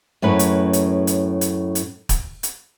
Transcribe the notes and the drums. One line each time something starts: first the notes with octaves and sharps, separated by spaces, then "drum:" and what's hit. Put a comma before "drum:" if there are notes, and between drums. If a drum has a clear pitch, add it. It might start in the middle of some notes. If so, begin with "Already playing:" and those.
F#2 A2 C#4 B4
drum: hi-hat
drum: hi-hat
drum: hi-hat
drum: hi-hat
drum: hi-hat
drum: kick, hi-hat
drum: hi-hat